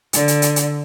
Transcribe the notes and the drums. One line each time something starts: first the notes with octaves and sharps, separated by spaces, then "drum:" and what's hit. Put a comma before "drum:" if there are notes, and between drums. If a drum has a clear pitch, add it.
D3, drum: hi-hat
drum: hi-hat
drum: hi-hat
drum: hi-hat